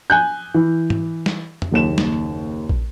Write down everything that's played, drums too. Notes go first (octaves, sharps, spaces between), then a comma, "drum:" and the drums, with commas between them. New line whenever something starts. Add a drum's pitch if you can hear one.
G#5 F#6 G6
E3
drum: tom
drum: snare
drum: tom
F#1 D#2 E7
drum: snare
drum: kick